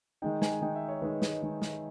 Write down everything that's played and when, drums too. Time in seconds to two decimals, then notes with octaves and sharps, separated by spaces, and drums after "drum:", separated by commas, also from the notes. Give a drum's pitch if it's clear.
0.22 D#3 G#3 D#4 G5
0.42 G#5, drum: snare
0.61 D#3 G#3 D#4 G5
0.75 E5
0.89 C#5
1.02 D#3 G#3 D#4 B4
1.22 drum: snare
1.42 D#3 G#3 D#4
1.62 drum: snare